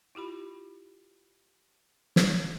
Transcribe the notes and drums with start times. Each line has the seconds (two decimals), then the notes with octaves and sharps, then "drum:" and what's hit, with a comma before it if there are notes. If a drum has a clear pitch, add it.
0.15 E4 F4 G4 B5
2.16 drum: snare